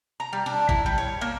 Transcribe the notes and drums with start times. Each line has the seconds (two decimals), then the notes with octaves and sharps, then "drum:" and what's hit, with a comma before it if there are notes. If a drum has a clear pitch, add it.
0.20 A#5
0.33 G3
0.46 D4
0.69 E4, drum: kick G#1
0.86 G3
0.98 C#5
1.21 A#3